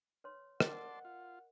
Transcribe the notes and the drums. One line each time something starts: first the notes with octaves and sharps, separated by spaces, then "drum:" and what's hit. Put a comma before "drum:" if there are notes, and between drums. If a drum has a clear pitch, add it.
B4 C#5 C6
A#4 D5 D#5 F#5 A5 C6, drum: rim click
F4